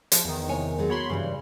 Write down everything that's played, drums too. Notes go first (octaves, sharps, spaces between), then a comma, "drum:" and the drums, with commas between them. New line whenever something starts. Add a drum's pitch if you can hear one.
F3, drum: hi-hat
E2 D#3
C3 C#5 G#5
F#3 G#3 A3
B3 F#4 A#4 C#5 B5 C6
G2 C#3 E3 G3